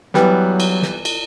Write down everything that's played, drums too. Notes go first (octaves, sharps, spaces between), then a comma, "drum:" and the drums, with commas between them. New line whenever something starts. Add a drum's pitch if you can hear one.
E3 F#3 G3 B3, drum: snare
drum: cymbal
drum: snare
drum: cymbal